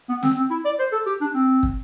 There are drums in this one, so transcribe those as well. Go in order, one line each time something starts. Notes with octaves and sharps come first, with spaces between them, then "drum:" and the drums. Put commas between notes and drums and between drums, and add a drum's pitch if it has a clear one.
B3
C4, drum: snare
C4
E4
D5
C5
A4
G4
D4
C4
drum: kick